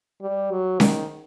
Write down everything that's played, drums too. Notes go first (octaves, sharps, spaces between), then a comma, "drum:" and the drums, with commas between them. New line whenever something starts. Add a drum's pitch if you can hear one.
G3
F#3
D#3, drum: snare C#4